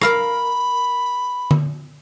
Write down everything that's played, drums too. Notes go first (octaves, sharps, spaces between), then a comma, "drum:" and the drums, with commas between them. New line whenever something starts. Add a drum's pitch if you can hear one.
A#4 F5 A#5 B5, drum: rim click
drum: tom D3